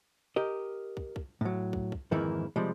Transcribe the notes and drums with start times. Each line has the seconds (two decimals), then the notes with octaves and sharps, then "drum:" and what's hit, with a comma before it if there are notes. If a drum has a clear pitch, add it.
0.36 G4 A#4 D#5
0.97 drum: kick
1.16 drum: kick
1.41 A2 F#3
1.73 drum: kick
1.92 drum: kick
2.11 F2 G#2 D#3 E3 A#3 E4
2.56 C3 F3 G3 G#3